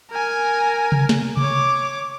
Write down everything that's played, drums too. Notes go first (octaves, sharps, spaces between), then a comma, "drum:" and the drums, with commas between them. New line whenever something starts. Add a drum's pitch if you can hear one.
A#4 G#5
drum: tom C3
drum: snare
C#5 D6, drum: tom C3